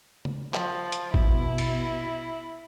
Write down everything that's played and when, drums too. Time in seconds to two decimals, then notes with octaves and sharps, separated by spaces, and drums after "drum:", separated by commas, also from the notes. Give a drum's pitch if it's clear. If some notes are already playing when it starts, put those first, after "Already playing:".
0.25 drum: tom C#3
0.54 F3, drum: clap
0.92 drum: hi-hat
1.14 B2 E4, drum: kick A1
1.58 drum: cymbal